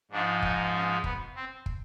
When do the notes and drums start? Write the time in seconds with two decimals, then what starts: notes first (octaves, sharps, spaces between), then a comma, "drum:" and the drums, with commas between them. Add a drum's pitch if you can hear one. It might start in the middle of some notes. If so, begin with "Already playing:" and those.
0.11 G#2 F3 G#3 D4
0.42 D#4, drum: kick
0.73 C#4
1.04 B3, drum: kick
1.35 C4
1.66 drum: kick